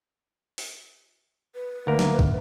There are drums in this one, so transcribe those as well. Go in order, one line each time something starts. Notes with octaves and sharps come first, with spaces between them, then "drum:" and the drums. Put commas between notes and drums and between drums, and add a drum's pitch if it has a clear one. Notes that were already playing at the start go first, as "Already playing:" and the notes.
drum: open hi-hat
B4
D2 A#3 A#4
drum: snare
drum: kick